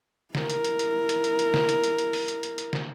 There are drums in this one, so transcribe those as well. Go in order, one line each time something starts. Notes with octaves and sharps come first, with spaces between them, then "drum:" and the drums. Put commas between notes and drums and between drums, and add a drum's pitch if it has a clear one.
E4 A#4, drum: snare
drum: hi-hat
drum: hi-hat
drum: hi-hat
drum: hi-hat
drum: hi-hat
drum: hi-hat
drum: snare
drum: hi-hat
drum: hi-hat
drum: hi-hat
drum: open hi-hat
drum: hi-hat
drum: hi-hat
drum: hi-hat
drum: snare